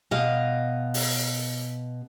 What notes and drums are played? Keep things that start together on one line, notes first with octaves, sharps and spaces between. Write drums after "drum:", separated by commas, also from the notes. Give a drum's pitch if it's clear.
B2 D#5 F5
drum: open hi-hat